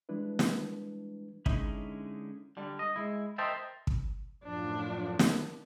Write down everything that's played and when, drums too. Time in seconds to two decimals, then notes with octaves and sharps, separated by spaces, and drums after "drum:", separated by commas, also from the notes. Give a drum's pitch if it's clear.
0.09 E3 G3 G#3 D4 E4 B4
0.39 drum: snare
1.46 D3 G#3 C#4 D#4 E4, drum: kick
2.57 D3 G3
2.79 D#5
2.96 G#3 E4
3.38 A#4 C5 D#5 E5 G5 A5
3.87 drum: kick
4.44 F#2 A2 F3 D4
5.19 drum: snare